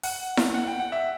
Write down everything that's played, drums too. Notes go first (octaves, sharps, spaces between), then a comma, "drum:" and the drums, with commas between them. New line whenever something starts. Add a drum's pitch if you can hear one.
F#5, drum: open hi-hat
drum: snare E4
F#5
G5
F#5
E5